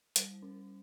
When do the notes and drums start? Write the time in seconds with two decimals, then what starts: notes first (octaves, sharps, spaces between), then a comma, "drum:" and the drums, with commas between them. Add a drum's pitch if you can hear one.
0.16 G3 C5, drum: hi-hat
0.42 C#4